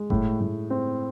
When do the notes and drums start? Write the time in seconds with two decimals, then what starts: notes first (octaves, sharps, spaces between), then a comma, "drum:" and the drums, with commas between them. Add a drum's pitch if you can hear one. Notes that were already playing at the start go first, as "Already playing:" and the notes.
Already playing: G#3
0.10 A2, drum: kick F#1
0.40 A2
0.70 C4